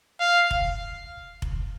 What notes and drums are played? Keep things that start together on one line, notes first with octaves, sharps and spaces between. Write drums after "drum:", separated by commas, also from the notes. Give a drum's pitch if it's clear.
F5
drum: kick F1
drum: kick F1